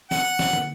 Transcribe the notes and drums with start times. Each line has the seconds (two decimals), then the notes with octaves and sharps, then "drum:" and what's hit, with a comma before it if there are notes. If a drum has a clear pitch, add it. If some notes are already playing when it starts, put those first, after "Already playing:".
0.11 F#5, drum: snare
0.39 drum: snare
0.53 drum: tom